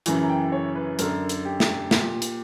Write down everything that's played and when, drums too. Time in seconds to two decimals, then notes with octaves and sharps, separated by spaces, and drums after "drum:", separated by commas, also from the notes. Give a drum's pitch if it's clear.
0.06 F#2 C#3 E3, drum: hi-hat
0.22 A#5
0.29 G5
0.52 C#5
0.75 B4
0.99 F#2 D3 A#4, drum: hi-hat
1.29 drum: hi-hat
1.45 G4
1.60 drum: snare
1.91 A#2, drum: snare
2.22 drum: hi-hat